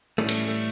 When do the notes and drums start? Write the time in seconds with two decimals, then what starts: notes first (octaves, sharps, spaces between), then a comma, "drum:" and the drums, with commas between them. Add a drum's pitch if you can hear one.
0.18 A2 E3 G3 A3 C#4
0.29 drum: cymbal
0.48 A3